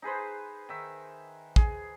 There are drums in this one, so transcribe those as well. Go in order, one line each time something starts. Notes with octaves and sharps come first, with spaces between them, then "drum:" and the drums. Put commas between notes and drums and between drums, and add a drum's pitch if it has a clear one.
D#4 G#4 B4 C5
D#3 E5
G#4, drum: kick